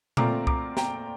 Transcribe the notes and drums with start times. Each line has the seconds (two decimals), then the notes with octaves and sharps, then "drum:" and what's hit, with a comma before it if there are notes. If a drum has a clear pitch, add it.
0.17 A#2 A3 C4 F4 A#5 D6, drum: tom A#2
0.47 A#5 D6, drum: kick C2
0.77 G5 A#5, drum: snare